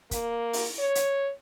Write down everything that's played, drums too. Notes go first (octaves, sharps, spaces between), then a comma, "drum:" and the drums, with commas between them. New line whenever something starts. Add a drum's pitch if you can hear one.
A#3, drum: kick, hi-hat
drum: open hi-hat
C#5
drum: hi-hat